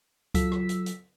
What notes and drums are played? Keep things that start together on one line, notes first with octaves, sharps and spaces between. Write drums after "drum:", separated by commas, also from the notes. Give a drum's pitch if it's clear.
F#3 F4 A4 E6 B6, drum: kick C#2, hi-hat
drum: rim click
drum: hi-hat
drum: hi-hat